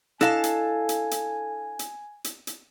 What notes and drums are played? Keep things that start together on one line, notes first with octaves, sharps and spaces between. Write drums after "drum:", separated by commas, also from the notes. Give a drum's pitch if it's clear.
D4 E4 A4 D#5 F5 G#5 A5
drum: hi-hat
drum: hi-hat
drum: hi-hat
drum: hi-hat
drum: hi-hat
drum: hi-hat